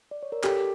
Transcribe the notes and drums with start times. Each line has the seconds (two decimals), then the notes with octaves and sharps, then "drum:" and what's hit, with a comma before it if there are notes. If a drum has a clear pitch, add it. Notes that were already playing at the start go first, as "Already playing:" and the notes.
0.11 D5
0.23 C#5
0.32 A#4
0.43 G4 A4, drum: clap